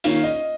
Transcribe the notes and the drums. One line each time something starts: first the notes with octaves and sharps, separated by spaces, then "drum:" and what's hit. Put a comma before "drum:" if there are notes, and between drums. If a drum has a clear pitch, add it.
D#3 A#3 C#4 F4 F5, drum: open hi-hat
D#5